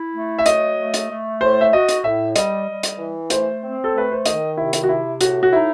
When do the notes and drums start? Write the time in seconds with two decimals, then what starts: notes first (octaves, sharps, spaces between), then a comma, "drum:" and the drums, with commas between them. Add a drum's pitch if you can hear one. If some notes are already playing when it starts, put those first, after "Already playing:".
Already playing: E4
0.15 A3
0.39 E5
0.46 F#3 D#5, drum: hi-hat
0.78 A3
0.94 drum: hi-hat
1.10 A3
1.41 A2 C5
1.61 E5
1.73 F#4 D#5
1.89 drum: hi-hat
2.04 A2 E5
2.36 G3 D#5, drum: hi-hat
2.68 G3
2.83 drum: hi-hat
2.99 E3
3.30 A3 C5, drum: hi-hat
3.62 C4
3.84 A4
3.94 A3 B4
4.12 C5
4.26 D#3 D#5, drum: hi-hat
4.57 C3 E4
4.73 drum: hi-hat
4.83 F#4
4.89 C3 E4
5.21 A2 F#4, drum: hi-hat
5.43 F#4
5.52 D#4 E4